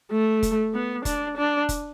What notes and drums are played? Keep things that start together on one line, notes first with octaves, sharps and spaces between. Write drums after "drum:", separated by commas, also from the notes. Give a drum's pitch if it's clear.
A3
drum: kick F1, hi-hat
B3
D4, drum: kick F1, hi-hat
D4
drum: kick F1, hi-hat